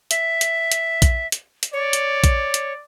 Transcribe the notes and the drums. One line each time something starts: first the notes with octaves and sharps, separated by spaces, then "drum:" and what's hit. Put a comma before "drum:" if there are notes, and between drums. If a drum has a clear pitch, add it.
E5, drum: hi-hat
drum: hi-hat
drum: hi-hat
drum: kick A#1, hi-hat
drum: hi-hat
drum: hi-hat
C#5 D5
drum: hi-hat
drum: kick A#1, hi-hat
drum: hi-hat